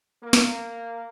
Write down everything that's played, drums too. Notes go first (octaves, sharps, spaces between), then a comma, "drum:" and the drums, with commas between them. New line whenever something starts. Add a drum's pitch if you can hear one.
A#3
drum: snare